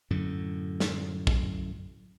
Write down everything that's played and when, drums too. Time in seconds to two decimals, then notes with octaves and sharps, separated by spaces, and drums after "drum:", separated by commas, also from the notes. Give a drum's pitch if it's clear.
0.10 F#2 A2 D3
0.80 drum: snare
1.27 drum: kick